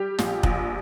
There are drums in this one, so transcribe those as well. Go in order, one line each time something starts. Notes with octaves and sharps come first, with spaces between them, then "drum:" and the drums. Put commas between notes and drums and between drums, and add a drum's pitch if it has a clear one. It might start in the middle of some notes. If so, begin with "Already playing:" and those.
Already playing: G3 G4
A#1, drum: snare
A#1, drum: kick